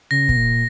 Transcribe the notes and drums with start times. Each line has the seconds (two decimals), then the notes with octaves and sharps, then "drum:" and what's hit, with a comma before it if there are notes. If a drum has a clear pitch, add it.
0.11 C#3 A#6
0.29 B2, drum: kick
0.36 A#2